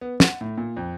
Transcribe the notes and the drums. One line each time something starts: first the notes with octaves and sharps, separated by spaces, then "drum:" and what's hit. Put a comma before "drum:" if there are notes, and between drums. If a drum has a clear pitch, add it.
B3
F#5, drum: snare
A2
A#2
F2